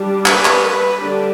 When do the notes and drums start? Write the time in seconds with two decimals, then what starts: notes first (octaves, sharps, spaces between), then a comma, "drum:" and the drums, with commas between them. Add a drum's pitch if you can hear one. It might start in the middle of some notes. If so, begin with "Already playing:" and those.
Already playing: G3 D4
0.26 B4, drum: clap
0.45 drum: clap
0.63 B4
1.01 D3 G3 D4 G4